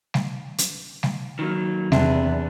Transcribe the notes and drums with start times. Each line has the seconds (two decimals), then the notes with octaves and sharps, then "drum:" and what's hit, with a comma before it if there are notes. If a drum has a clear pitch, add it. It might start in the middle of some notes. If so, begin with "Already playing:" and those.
0.14 drum: snare G3
0.58 drum: hi-hat
1.03 drum: snare G3
1.39 D#3 F#3 A#3
1.92 E2 C3 B3 D4, drum: snare G3